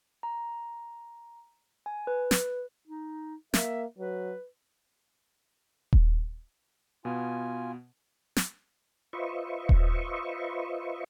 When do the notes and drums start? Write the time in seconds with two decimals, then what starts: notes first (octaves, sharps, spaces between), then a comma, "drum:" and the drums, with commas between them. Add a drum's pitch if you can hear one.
0.23 A#5
1.86 G#5
2.07 B4
2.31 drum: snare
2.88 D#4
3.54 A#3 E5, drum: snare
3.99 F#3 B4
5.93 drum: kick D#1
7.05 B2 B3 F4 G#5
8.36 drum: snare
9.13 F4 B4 C5 D#5 E5 C#6
9.69 drum: kick D#1